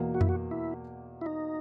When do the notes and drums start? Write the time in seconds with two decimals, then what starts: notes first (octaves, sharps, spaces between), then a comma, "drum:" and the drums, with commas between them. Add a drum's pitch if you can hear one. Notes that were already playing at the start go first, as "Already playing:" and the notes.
Already playing: E2 B2 A#3
0.14 F#4
0.21 E4, drum: tom F2
0.29 F#4
0.51 E4
1.21 E4
1.26 D#4